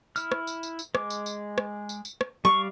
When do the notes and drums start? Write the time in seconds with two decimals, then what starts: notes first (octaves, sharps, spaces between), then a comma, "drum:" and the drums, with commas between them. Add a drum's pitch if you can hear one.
0.16 E4 F6, drum: tambourine
0.32 drum: rim click
0.47 drum: tambourine
0.63 drum: tambourine
0.79 drum: tambourine
0.95 G#3 D6, drum: rim click
1.10 drum: tambourine
1.26 drum: tambourine
1.58 drum: rim click
1.89 drum: tambourine
2.05 drum: tambourine
2.21 drum: rim click
2.45 G3 D5 F5 C#6